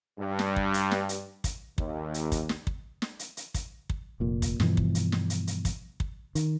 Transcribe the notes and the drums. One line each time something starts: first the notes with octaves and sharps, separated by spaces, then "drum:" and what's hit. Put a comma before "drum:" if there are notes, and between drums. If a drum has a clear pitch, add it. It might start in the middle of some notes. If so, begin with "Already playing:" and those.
G2
drum: snare
drum: kick
drum: hi-hat
drum: snare
drum: hi-hat
drum: kick, hi-hat
D#2, drum: kick
drum: hi-hat
drum: kick, hi-hat
drum: snare
drum: kick
drum: snare
drum: hi-hat
drum: hi-hat
drum: kick, hi-hat
drum: kick
F1 A#2
drum: kick, hi-hat
G2 B2 E3 F3, drum: snare
drum: kick
drum: hi-hat
drum: snare
drum: hi-hat
drum: hi-hat
drum: kick, hi-hat
drum: kick
D#3, drum: hi-hat